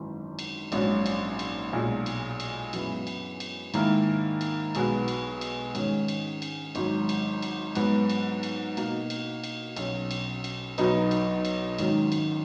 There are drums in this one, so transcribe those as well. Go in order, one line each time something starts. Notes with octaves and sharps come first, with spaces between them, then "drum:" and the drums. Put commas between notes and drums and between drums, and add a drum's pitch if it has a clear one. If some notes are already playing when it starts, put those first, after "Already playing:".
Already playing: G#1 F#2 E3
drum: cymbal
A#1 G#2 F#3 C#4 F#4, drum: cymbal
drum: cymbal
drum: cymbal
B1 A#2 G#3
drum: cymbal
drum: cymbal
F#2 E3 G#3 B3 E4, drum: cymbal
drum: cymbal
drum: cymbal
G#2 D#3 A#3 E4 A#4, drum: cymbal
drum: cymbal
B1 B2 G#3 B3 F#4, drum: cymbal
drum: cymbal
drum: cymbal
G#2 D#3 G#3 C#4, drum: cymbal
drum: cymbal
drum: cymbal
G#1 G#2 F#3, drum: cymbal
drum: cymbal
drum: cymbal
G#2 F#3 B3 F#4, drum: cymbal
drum: cymbal
drum: cymbal
B2 A#3 D#4 F#4, drum: cymbal
drum: cymbal
drum: cymbal
B1 B2 F#3 C#4, drum: cymbal
drum: cymbal
drum: cymbal
B1 B2 F#3 B3 D#4, drum: cymbal
drum: cymbal
drum: cymbal
G#1 G#2 D#3 F#3 C#4, drum: cymbal
drum: cymbal